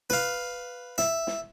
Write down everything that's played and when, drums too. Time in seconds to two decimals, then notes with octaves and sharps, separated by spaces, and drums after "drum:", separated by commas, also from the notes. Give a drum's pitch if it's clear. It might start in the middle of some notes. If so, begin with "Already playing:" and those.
0.10 B4 F5, drum: snare
0.98 E5, drum: snare
1.27 drum: snare